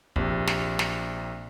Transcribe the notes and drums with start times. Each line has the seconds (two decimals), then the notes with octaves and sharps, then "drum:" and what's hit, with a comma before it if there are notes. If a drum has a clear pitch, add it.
0.16 A#1 C3, drum: kick
0.47 drum: snare
0.79 drum: snare